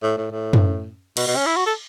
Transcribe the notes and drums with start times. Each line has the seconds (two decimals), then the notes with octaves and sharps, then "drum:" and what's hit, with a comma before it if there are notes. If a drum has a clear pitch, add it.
0.03 A2
0.17 A2
0.31 A2
0.53 drum: tom F#2
1.17 B2, drum: cymbal
1.27 B2
1.36 C#4
1.46 E4
1.56 F#4
1.66 A4